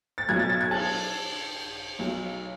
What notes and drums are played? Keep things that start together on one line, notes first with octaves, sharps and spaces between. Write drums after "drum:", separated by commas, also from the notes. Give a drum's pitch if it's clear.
A6
B1 B2 F#3 G#6
A6
A6
G#6
A5, drum: cymbal
B1 B2 F#3